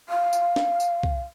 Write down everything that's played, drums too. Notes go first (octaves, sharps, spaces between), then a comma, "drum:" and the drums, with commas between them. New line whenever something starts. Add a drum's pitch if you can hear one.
F5
drum: tambourine
drum: snare
drum: tambourine
drum: kick